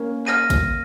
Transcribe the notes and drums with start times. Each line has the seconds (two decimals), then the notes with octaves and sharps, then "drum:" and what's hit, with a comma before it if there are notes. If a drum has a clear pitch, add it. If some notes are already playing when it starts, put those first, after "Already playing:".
Already playing: A#3 C#4
0.27 F6 A#6 D#7, drum: clap
0.50 drum: kick, hi-hat